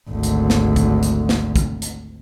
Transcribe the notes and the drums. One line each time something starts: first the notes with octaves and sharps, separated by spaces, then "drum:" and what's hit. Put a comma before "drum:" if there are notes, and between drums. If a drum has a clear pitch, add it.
G#1 D2
drum: hi-hat
drum: snare
drum: kick, hi-hat
drum: hi-hat
drum: snare
drum: kick, hi-hat
drum: hi-hat